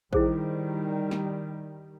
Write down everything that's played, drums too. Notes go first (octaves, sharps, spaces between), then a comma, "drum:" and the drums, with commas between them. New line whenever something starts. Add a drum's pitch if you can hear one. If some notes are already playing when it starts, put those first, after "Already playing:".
D#3 G3 E4 G#4 C5, drum: kick A1
drum: snare